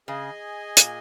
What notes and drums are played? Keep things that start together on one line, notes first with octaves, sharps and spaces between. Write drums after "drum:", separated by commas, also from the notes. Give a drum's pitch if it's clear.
C#3 G#4 D#5 G#5
A#2, drum: hi-hat